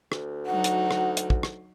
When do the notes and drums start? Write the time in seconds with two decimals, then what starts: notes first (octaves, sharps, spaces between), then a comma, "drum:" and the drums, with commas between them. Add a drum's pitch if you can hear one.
0.12 D2, drum: rim click
0.46 F#3 D#4 F#4 F#5
0.64 drum: hi-hat
0.91 drum: rim click
1.17 drum: hi-hat
1.30 drum: kick
1.43 drum: rim click